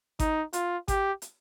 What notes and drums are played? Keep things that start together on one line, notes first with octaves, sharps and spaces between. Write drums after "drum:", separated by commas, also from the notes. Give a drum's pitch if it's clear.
D#4, drum: kick G#1, hi-hat
F4, drum: hi-hat
G4, drum: kick G#1, hi-hat
drum: hi-hat